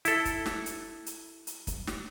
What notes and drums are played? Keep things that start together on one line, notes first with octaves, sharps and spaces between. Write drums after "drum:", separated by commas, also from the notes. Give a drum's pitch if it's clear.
E4 A4, drum: hi-hat
drum: kick, hi-hat
drum: snare
drum: hi-hat
drum: hi-hat
drum: hi-hat
drum: kick, hi-hat
drum: snare